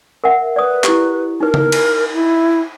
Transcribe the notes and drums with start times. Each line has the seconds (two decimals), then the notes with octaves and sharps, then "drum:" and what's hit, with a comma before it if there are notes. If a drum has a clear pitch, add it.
0.24 A#4 E5 F#5
0.56 B4 D5 D#6
0.84 E4 G4, drum: clap
1.40 D#4 A#4 B4
1.54 drum: tom C#3
1.72 drum: cymbal
2.13 E4